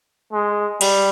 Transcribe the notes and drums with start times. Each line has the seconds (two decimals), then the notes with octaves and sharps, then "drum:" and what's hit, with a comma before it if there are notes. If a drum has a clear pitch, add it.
0.33 G#3
0.81 G3, drum: cymbal